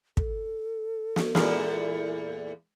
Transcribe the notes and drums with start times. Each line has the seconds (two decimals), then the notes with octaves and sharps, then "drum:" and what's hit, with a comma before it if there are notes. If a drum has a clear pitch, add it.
0.17 A4, drum: kick
1.16 drum: snare
1.35 E2 A#2 G#3 D4 E4 A#4, drum: snare